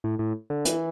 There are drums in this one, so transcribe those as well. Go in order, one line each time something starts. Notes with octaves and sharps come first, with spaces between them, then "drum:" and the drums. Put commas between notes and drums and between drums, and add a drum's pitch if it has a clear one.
A2
A2
D3
E3, drum: hi-hat